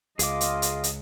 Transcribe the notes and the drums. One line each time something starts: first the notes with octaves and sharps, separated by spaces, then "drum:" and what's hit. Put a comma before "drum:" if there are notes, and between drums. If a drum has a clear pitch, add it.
C#2 F4 G#4 D#5 D6, drum: hi-hat
drum: hi-hat
drum: hi-hat
drum: hi-hat